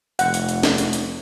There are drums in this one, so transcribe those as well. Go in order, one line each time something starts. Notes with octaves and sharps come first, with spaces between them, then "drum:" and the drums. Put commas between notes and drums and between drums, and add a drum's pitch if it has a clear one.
F1 F#5, drum: hi-hat
drum: hi-hat
drum: hi-hat
drum: snare
drum: hi-hat
drum: hi-hat